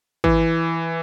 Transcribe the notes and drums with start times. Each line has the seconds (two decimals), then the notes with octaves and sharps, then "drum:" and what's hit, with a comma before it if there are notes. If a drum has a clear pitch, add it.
0.24 E3, drum: kick G#1